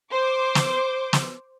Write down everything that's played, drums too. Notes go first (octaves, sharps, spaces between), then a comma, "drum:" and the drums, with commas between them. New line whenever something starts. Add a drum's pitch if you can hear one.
C5 D6
drum: snare
drum: snare